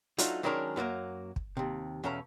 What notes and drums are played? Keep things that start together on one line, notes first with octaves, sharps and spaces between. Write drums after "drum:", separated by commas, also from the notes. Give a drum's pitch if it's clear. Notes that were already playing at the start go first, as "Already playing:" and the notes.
F#3 A3 D4 D#4 F4 F#4, drum: hi-hat
D#3 F#3 G#3 C#4 D4 A#4
F#2 F#3 A3 A#3
drum: kick
D#2 C3
E2 B2 C#4 A4 F5 A#5